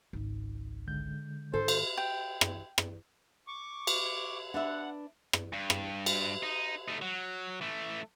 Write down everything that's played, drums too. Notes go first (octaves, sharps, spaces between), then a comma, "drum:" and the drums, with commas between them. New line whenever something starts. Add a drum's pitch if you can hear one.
G#1 C#2
D3 G#3 G6
G#2 D#3 A4 C5
drum: cymbal
G5
drum: rim click
drum: rim click
C#6 D6
drum: cymbal
D4 B4 E5 F#5
drum: rim click
G2
drum: rim click
drum: cymbal
D#4
A3 D#4
F#3
E3 A3